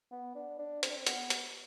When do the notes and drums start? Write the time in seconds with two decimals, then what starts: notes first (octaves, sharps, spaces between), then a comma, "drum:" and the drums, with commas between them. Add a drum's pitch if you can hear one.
0.12 B3
0.35 D4
0.59 D4
0.83 C4, drum: hi-hat
0.90 D4
0.97 C4
1.07 B3, drum: hi-hat
1.30 drum: hi-hat